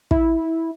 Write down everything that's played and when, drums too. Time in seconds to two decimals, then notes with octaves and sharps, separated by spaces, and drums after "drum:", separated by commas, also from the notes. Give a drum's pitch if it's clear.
0.11 E4, drum: kick